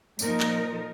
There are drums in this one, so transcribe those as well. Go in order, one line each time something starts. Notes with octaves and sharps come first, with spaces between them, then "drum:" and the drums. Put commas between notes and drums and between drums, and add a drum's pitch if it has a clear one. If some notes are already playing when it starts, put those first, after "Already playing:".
A#2 F3 D#4 A#4, drum: tambourine
drum: clap